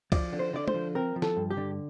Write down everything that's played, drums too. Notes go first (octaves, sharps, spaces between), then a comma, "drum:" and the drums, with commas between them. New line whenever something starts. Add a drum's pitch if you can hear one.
F3 D5, drum: kick, cymbal
D3
C5
D3 D5
C5, drum: tom
F3
C4 A#4
F3
A4, drum: snare
G2
G4
D3